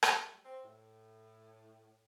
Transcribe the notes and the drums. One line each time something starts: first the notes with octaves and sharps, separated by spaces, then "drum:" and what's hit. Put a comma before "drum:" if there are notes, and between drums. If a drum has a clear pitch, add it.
F#2 G3 A3, drum: rim click
C4
A2